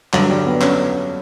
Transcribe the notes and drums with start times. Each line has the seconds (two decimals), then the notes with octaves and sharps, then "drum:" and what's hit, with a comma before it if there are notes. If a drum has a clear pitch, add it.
0.13 G2 D3 F#3, drum: clap
0.30 G3
0.45 B3
0.61 C#4, drum: clap